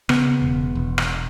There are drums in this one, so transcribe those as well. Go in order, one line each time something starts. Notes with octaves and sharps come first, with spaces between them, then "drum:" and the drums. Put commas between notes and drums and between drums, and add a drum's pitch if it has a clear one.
C#3 B3, drum: rim click
E1
E1
drum: rim click